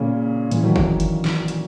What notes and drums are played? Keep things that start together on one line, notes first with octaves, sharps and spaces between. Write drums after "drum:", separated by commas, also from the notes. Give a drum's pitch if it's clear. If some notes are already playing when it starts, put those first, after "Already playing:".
Already playing: A#2 C#3
C#3 E3, drum: hi-hat
D#3 F#3
drum: kick
drum: hi-hat
drum: snare
drum: hi-hat